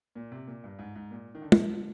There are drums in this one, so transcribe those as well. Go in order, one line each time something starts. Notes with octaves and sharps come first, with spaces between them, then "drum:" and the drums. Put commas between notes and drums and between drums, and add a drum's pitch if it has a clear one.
A#2
C3
A#2
G2
G#2
G#2
A#2
D#3
D3
drum: tom